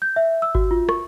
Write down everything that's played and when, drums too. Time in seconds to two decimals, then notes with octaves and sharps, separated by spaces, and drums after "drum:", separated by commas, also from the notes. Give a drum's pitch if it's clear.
0.02 G6
0.16 E5
0.42 E6
0.55 F#4, drum: kick G#1
0.71 F4
0.89 C#6, drum: rim click